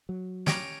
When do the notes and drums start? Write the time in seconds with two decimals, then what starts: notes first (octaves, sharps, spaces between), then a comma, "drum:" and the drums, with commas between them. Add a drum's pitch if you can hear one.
0.09 F#3
0.47 C#4 G4 A#5, drum: snare